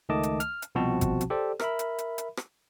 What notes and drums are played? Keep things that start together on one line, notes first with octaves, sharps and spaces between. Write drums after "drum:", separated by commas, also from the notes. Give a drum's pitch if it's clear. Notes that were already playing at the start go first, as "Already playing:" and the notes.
C#2 D#3 A3 D#5 A5 D6
drum: hi-hat
F6, drum: hi-hat
drum: hi-hat
C2 B2 F3 C4 F#4 A5
drum: kick G#1, hi-hat
drum: hi-hat
G4 A4 C5 D5
A#4 E5 B5, drum: rim click
drum: hi-hat
drum: hi-hat
drum: hi-hat
drum: rim click